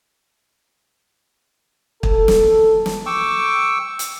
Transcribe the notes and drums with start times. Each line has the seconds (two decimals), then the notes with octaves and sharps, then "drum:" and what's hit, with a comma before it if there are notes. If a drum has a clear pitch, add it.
2.03 A4, drum: kick
2.28 drum: snare
2.86 drum: snare
3.06 G5 C#6 D6 E6
3.99 drum: hi-hat